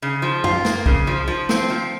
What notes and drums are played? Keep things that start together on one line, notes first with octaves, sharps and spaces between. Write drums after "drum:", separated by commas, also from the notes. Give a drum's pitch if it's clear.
C#3
F3
F4, drum: tom F#2
A#3, drum: snare
C#3, drum: kick
F3
F3
C4, drum: snare
F3